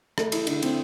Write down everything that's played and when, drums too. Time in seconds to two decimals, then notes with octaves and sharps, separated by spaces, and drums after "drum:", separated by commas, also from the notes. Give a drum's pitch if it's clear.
0.18 A3, drum: rim click
0.32 E4, drum: cymbal
0.47 D3, drum: cymbal
0.62 C4, drum: cymbal